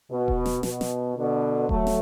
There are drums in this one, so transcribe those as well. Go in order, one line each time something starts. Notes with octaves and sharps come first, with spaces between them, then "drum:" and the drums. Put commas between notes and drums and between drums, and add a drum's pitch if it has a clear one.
B2
drum: kick D#1
drum: snare
B2, drum: snare
drum: snare
B2 D3
F#3 A3, drum: kick D#1
drum: snare